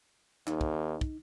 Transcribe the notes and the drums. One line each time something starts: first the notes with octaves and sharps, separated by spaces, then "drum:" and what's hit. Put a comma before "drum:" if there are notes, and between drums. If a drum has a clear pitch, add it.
D#2 D#4, drum: clap
drum: kick
drum: kick